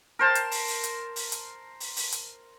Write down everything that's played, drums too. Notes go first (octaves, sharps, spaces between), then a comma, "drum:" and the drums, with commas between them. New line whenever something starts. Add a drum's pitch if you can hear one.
A#4 C5 A5
drum: hi-hat
drum: open hi-hat
drum: open hi-hat
drum: hi-hat
drum: open hi-hat
drum: hi-hat
drum: open hi-hat
drum: open hi-hat
drum: hi-hat